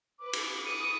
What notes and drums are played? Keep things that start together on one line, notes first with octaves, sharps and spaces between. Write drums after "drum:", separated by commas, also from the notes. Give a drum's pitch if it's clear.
B4 D6
drum: cymbal
D6 D#6 C#7 D#7